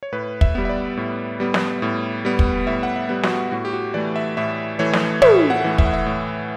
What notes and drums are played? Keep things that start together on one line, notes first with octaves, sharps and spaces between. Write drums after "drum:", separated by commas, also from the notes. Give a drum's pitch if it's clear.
C#5
A2 B4
E5, drum: kick
G3 B3
E5
D5
A2
G3 B3
drum: snare
A2
G3 B3
drum: kick
A2 E5
F#5
E5
G3 B3
F#4, drum: snare
A2 F#4
G4
F#4
E3 A3 D5
E5
A2 E5
E3 A3 C#5
drum: snare
A2 E5, drum: tom
F#5
E3 A3
E5, drum: kick
F#5
E5
A2